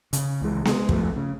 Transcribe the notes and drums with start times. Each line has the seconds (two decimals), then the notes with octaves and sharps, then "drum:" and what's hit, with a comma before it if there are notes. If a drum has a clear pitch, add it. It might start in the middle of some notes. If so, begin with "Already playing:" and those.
0.13 C#3 C#4, drum: hi-hat
0.41 C#2 E3 G#3
0.65 G#3, drum: snare B3
0.89 G2 F3 A3, drum: kick
1.16 C#3